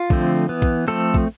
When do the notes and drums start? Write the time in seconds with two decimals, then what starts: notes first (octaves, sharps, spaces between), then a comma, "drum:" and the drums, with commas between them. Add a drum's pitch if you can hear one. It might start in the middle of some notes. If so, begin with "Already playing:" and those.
Already playing: F4
0.10 D3 F3 A3 C4, drum: kick, tambourine
0.36 drum: tambourine
0.49 E3 B3
0.62 drum: kick, tambourine
0.88 F3 A3 C4 A4, drum: tambourine
1.14 drum: kick, tambourine